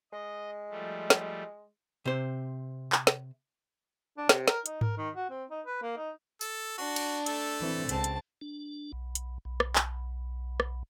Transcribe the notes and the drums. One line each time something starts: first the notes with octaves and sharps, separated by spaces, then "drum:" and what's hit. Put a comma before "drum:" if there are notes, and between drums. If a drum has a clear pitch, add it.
G#3 D#5
F3 G3 A3
drum: snare
C3 C5
drum: clap
drum: snare
D4
C3, drum: snare
A#4, drum: snare
D#4, drum: hi-hat
A#4, drum: tom G#2
D#3
F#4
C4
D#4
B4
A#3
D#4
A4, drum: tambourine
D4 F#4
drum: cymbal
A3 A4, drum: hi-hat
E3 C4
C#2 C4 A5, drum: hi-hat
drum: hi-hat
D4
B1
drum: hi-hat
B1
drum: rim click
drum: clap
drum: rim click